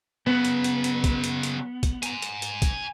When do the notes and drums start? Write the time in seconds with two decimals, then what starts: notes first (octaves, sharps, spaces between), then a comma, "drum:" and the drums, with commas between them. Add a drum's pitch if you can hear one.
0.27 C#3 F#3 B3
0.45 drum: hi-hat
0.64 drum: hi-hat
0.84 drum: hi-hat
1.04 drum: kick, hi-hat
1.24 drum: hi-hat
1.43 drum: hi-hat
1.83 drum: kick, hi-hat
2.03 G#5 A#5, drum: hi-hat
2.22 drum: hi-hat
2.42 drum: hi-hat
2.62 drum: kick, hi-hat